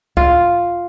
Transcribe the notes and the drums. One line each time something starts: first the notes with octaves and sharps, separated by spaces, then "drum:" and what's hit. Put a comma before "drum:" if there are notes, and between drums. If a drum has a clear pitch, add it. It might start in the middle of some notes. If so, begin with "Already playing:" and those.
F4, drum: kick C#2